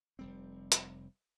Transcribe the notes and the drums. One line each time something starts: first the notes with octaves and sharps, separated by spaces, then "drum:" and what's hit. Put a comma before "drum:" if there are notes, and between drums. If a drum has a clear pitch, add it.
F1 G3 C4
drum: hi-hat